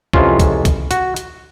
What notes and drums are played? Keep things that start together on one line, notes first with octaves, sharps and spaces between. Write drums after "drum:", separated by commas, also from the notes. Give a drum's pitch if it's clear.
F2 C3 E3 G#3 C#4 F4, drum: kick
drum: kick, hi-hat
drum: kick, hi-hat
F#4, drum: hi-hat
drum: hi-hat